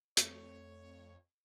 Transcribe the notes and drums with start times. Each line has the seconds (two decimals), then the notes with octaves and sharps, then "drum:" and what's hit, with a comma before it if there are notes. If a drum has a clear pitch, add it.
0.17 F2 A3 C4 A4 C#5, drum: hi-hat